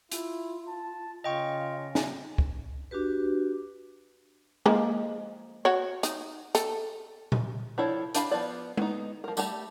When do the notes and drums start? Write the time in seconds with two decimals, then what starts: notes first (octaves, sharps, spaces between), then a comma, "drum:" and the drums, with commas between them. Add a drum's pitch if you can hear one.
0.12 E4 F4, drum: hi-hat
0.68 A5
1.24 C#3 F4 D#5 G5 C#6
1.95 drum: snare
2.38 drum: kick
2.91 D4 F#4 G4 B4
4.66 F3 G#3 A#3, drum: tom G#3
5.65 F#4 C#5
6.03 D#4, drum: hi-hat
6.55 A4, drum: hi-hat
7.32 drum: tom A#2
7.78 F3 D4 E4 A4 C#5
8.15 D4 G4 F5 A5 B5, drum: hi-hat
8.31 F3 B3 D5
8.77 B3 D#4, drum: tom G#3
9.24 F3 A#4
9.37 G3 A3 G4 A5 A#5, drum: tambourine